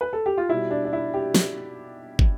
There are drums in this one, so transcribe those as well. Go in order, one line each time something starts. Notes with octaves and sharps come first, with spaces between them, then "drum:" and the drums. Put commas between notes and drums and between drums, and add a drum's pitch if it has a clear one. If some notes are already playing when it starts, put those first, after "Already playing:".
B4
A4
G4
F4
B2 G3 E4
D4
D4
E4
G4
drum: snare
drum: kick